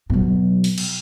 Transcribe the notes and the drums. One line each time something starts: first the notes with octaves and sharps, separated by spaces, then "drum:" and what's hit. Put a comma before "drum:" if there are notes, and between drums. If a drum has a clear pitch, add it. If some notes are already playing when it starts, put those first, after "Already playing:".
B2 F#3
drum: open hi-hat
drum: cymbal